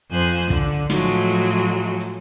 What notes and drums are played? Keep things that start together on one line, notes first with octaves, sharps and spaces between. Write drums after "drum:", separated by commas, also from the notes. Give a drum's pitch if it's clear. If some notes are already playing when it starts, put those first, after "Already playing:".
F2 C5 G#5 F#6
D3, drum: kick, hi-hat
A2 F3 F#3 G#3 A3, drum: snare
drum: hi-hat